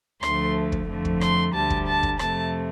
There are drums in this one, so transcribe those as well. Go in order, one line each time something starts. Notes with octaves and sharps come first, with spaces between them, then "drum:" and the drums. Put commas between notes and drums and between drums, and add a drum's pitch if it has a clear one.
D2 D3 F3 A3 C6, drum: rim click
drum: kick
F2 D3 F3 A3
drum: kick
C6, drum: rim click
D2 D3 G3 A5
drum: kick
A5
drum: kick
F2 C3 A3 A5, drum: rim click